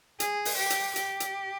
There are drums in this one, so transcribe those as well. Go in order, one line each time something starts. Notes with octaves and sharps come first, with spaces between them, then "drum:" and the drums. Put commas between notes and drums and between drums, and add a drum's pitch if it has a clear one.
G#4, drum: hi-hat
drum: open hi-hat
G4
drum: hi-hat
G4, drum: hi-hat
drum: hi-hat